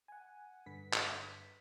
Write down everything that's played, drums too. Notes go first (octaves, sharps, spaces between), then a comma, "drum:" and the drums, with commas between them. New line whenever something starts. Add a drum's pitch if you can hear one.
F#5 G#5
G2 D3 B4 B6
drum: clap